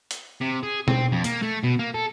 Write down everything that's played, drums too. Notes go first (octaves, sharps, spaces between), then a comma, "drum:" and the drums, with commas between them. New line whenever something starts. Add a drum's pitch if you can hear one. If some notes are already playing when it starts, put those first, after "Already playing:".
drum: hi-hat
C3
G#4
C4, drum: tom B2
F2
A#3, drum: hi-hat
A3
B2
A#3
A4